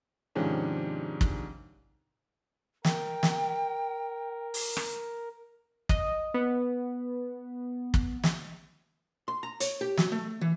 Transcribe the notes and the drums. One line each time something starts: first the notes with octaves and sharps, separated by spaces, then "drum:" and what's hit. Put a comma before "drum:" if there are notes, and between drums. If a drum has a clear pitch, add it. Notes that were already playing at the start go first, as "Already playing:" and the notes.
G#2 C3 D#3 F3 C#4 D4
drum: kick
A#4 G5, drum: snare
drum: snare
drum: open hi-hat
drum: rim click
D#5, drum: kick
B3
drum: kick
drum: snare
C6
A#5
C#5, drum: hi-hat
G4
F#3, drum: snare
A3
E3